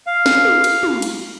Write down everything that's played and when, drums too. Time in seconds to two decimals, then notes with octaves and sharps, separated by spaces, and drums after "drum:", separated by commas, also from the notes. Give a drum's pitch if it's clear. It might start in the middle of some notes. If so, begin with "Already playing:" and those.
0.07 F5
0.26 drum: snare
0.45 drum: tom
0.64 drum: cymbal
0.83 drum: tom
1.02 drum: cymbal